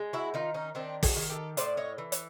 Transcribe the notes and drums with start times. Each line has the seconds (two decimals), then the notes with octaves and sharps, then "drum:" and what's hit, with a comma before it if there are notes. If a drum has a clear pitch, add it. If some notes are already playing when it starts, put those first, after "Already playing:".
Already playing: G#3
0.13 E4 F#4
0.34 D#3 D#4 F4
0.54 C#4 D#4
0.75 D#3 C4 D4
1.03 F#4 G#4, drum: kick, open hi-hat
1.16 D#3
1.30 G4 A4
1.57 A2 C5 D5, drum: hi-hat
1.77 C#5 D#5
1.98 E3
2.12 drum: hi-hat